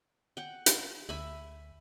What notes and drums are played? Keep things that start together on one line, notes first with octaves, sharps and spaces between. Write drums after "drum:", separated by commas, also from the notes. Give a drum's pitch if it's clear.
F#5 G5
drum: hi-hat
D2 E5 G#5 B5